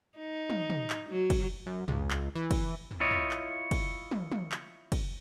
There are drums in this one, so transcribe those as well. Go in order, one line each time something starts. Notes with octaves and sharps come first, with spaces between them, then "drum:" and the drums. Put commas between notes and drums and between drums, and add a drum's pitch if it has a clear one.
D#4
drum: tom
drum: tom
drum: clap
F#3
drum: kick, cymbal
F#2
C#2, drum: tom
drum: clap
E3
drum: kick, cymbal
drum: tom
E4 F4 C#5 D#5
drum: tom
drum: clap
drum: kick, cymbal
drum: tom
drum: tom
drum: clap
drum: kick, cymbal